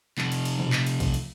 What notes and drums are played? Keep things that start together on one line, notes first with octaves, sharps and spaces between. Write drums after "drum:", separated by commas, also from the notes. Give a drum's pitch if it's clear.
C3 F3, drum: clap
drum: cymbal
drum: cymbal
drum: tom A#2
drum: clap
drum: cymbal
drum: kick A#1, cymbal
drum: cymbal